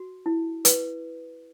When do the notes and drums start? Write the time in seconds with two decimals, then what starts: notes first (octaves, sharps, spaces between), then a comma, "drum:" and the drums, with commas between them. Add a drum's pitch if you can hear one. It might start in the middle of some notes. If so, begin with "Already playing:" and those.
Already playing: F#4
0.26 E4
0.65 B4, drum: hi-hat